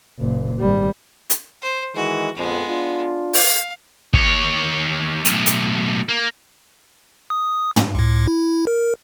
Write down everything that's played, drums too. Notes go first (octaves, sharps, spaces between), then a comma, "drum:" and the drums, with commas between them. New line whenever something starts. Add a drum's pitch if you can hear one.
F#1 A#2
G#1 G3
drum: hi-hat
C5
D#3 E3 G#3 F#4
A#1 F2 G#3 B3
D4 F4
F5, drum: open hi-hat
D#2 C#5, drum: kick
B1 A2, drum: hi-hat
drum: hi-hat
A#3
D#6
drum: tom
C#2 A2
E4
A#4